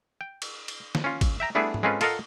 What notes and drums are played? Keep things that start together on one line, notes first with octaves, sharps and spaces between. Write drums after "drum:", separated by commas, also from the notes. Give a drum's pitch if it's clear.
G5
drum: cymbal
drum: cymbal
drum: snare
C#4 F4
drum: kick, cymbal
E5 G5 A#5
G3 A3 B3 D4 E4 G#4
drum: tom G#2
G#3 C4 C#4 F4 A4 B4
F4 A4 A#4 D#5 F5 F#5, drum: cymbal